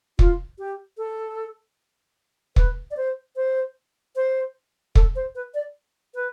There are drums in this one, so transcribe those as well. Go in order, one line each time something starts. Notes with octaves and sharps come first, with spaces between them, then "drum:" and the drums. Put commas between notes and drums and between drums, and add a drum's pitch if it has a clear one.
F4, drum: kick
G4
A4
B4, drum: kick
D5
C5
C5
C5
A4, drum: kick
C5
B4
D5
B4